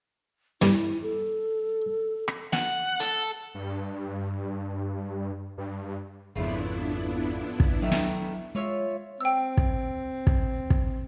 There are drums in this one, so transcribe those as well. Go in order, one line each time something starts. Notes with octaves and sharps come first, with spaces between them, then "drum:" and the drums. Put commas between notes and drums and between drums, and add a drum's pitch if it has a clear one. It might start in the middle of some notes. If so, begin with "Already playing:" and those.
G2 E4, drum: snare
A4
drum: rim click
F#5, drum: snare
A4, drum: hi-hat
G2
G2
G#1 F2 C#3 F3 A3 B3 D4 E4
drum: kick
D#3 F#3 A3
drum: snare
G#3 F4 C#5 E5
C4 G5 E6
drum: kick
drum: kick
drum: kick